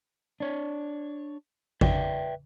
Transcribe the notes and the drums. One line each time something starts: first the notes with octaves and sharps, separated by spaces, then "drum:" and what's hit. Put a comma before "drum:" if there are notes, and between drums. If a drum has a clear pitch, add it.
D4 C#5
B4 D5 E5 G5, drum: kick A1